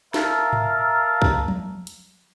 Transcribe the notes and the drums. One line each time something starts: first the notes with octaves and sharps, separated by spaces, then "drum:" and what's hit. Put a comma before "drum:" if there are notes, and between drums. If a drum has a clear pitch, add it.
A#4 E5 F5 A5 A#5, drum: snare
drum: tom G#2
drum: kick
drum: tom F3
drum: hi-hat